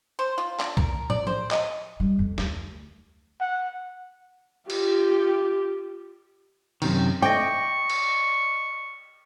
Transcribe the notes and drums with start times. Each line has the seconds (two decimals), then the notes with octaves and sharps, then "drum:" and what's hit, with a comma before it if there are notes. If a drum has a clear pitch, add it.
0.19 C5
0.38 F4
0.60 D4, drum: clap
0.77 A#4, drum: kick B1
1.10 D5, drum: tom
1.27 C5, drum: tom F3
1.51 D#5, drum: clap
2.00 G3
2.19 F2
2.38 D2, drum: snare
3.41 F#5
4.70 F4 G4, drum: cymbal
6.82 F#2 C3 D#3, drum: cymbal
7.22 D5 D#5 G5 C#6
7.90 drum: cymbal